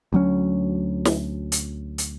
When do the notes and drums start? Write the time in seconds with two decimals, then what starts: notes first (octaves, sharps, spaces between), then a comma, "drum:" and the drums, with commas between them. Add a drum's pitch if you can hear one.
0.13 D2 F#3 C#4
1.05 drum: snare
1.52 drum: hi-hat
1.98 drum: hi-hat